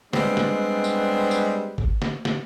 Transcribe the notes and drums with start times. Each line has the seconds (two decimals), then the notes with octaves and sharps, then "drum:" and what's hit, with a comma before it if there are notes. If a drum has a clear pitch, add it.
0.13 G3 G#3 B3 C4 D4, drum: snare
0.37 drum: snare
0.84 drum: tambourine
1.31 drum: tambourine
1.78 drum: kick
2.02 drum: snare
2.25 drum: snare